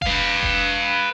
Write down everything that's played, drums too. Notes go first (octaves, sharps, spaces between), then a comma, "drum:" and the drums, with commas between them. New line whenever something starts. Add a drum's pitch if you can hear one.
B4 F5, drum: kick F1
drum: kick F1